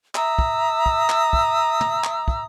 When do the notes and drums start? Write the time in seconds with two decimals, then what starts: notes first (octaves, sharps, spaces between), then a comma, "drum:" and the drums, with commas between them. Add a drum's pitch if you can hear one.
0.15 E5 A#5 D#6 E6, drum: clap
0.39 drum: kick
0.86 drum: kick
1.09 drum: clap
1.33 drum: kick
1.80 drum: tom
2.04 drum: clap
2.28 drum: kick